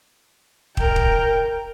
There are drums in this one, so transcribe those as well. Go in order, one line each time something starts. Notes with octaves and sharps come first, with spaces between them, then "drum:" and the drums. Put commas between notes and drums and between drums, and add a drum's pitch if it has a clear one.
A#4 G5, drum: kick
drum: kick